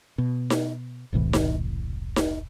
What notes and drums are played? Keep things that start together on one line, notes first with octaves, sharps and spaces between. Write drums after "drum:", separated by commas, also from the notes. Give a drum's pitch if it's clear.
B2
drum: snare D#4
E1 C2 A2 E3
drum: snare D#4
drum: snare D#4